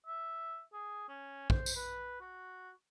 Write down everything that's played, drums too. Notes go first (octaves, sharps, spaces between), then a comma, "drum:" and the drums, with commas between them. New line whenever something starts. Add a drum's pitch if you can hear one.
E5
G#4
C#4
C5, drum: kick
drum: tambourine
B4
F#4